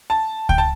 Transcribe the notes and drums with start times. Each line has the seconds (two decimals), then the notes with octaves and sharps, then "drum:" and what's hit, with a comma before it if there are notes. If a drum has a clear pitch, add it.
0.10 A5
0.49 G5, drum: kick C#2
0.58 A5